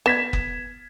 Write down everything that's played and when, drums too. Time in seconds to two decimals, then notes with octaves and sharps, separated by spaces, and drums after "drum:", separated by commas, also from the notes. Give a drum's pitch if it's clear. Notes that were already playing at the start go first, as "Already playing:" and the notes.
0.06 B3 G#6 B6 E7
0.33 drum: kick F#1